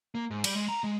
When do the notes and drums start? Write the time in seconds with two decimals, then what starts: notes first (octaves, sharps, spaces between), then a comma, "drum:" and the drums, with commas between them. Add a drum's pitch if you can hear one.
0.15 A#3
0.31 G#2
0.44 G3, drum: cymbal
0.56 G#3
0.68 A#5
0.84 G#3